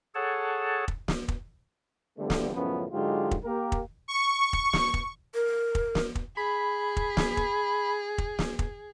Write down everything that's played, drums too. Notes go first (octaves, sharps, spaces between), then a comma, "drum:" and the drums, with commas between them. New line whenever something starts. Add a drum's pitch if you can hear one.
G#4 A4 C#5 F#5 A5
drum: kick
drum: snare
drum: kick
E2 D3 F3 G3 A3 B3
drum: snare
C#2 F#2 A2 F3 B3 C#4
G#2 D3 F#3 G#3 F4 G4
drum: kick
A#3 G4 A#4
drum: kick
C#6
drum: kick
drum: snare
drum: kick
A#4
drum: kick
drum: snare
drum: kick
G#4 B5
drum: kick
drum: snare
drum: kick
drum: kick
drum: snare
drum: kick